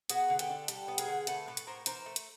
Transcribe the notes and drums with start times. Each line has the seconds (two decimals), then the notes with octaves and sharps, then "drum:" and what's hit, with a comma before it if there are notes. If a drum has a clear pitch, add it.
0.10 B3 F#4 G#4, drum: hi-hat
0.30 D3
0.39 G4 A4, drum: hi-hat
0.49 D4
0.68 G3 G4 A4, drum: hi-hat
0.88 B3
0.98 G#4 A#4, drum: hi-hat
1.09 D3
1.27 A3 A4 B4, drum: hi-hat
1.47 A2 A4 B4
1.57 drum: hi-hat
1.67 A2 A#4 C5
1.86 E3 A#4 C5, drum: hi-hat
2.06 A3
2.16 drum: hi-hat